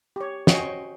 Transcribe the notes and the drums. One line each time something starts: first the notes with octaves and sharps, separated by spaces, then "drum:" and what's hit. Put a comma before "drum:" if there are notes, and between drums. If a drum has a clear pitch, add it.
G4 C#5
C#4 F#4 C5 D#5 G5 C#6, drum: snare